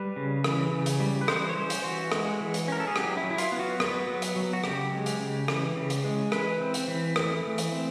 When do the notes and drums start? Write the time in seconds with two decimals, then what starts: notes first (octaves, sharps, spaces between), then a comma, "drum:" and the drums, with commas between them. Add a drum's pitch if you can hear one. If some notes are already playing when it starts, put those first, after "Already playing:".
Already playing: G3 B4
0.16 C#3
0.44 E3, drum: rim click
0.72 C#3
0.86 drum: hi-hat
1.00 G3
1.21 B4
1.28 E3 C5, drum: rim click
1.49 C#5
1.56 C#4 C5
1.70 drum: hi-hat
1.84 E3 F#4
2.12 G#3, drum: rim click
2.40 E3
2.54 drum: hi-hat
2.68 C#4 A#4
2.80 A4
2.87 G#4
2.96 F#3 G4, drum: rim click
3.17 E4
3.24 F#3
3.31 E4
3.38 F4, drum: hi-hat
3.52 B3
3.59 F#4
3.80 B3, drum: rim click
4.08 F#3
4.22 drum: hi-hat
4.36 F#3
4.53 F#4
4.64 C#3 G4, drum: rim click
4.91 G#3
5.06 drum: hi-hat
5.20 C#3
5.48 E3, drum: rim click
5.76 C#3
5.90 drum: hi-hat
6.05 G#3
6.32 E3 B4, drum: rim click
6.61 C4
6.74 drum: hi-hat
6.88 E3
7.16 A3, drum: rim click
7.44 E3
7.58 drum: hi-hat
7.72 C4